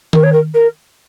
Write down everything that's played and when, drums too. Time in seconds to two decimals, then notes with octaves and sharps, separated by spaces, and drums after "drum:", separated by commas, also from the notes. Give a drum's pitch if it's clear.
0.13 A#4, drum: tom D#3
0.23 C#5
0.32 A#4
0.54 A#4